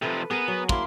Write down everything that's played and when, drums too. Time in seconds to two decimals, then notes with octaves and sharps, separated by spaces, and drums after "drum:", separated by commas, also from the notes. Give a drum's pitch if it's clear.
0.02 C3 F3 A4 B4
0.31 B3 G#4 A#4
0.48 F#3
0.69 A#3 E4 C6, drum: kick